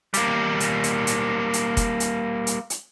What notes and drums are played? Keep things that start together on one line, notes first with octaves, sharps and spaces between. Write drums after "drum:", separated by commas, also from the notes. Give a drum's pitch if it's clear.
G3 A#3, drum: hi-hat
drum: hi-hat
drum: hi-hat
drum: hi-hat
drum: hi-hat
drum: kick F1, hi-hat
drum: hi-hat
drum: hi-hat
drum: hi-hat